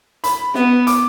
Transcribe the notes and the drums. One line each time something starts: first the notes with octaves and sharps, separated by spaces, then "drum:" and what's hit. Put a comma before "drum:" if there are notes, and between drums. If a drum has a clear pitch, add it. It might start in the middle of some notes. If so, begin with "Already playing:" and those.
B5, drum: hi-hat
B3, drum: snare
D6, drum: hi-hat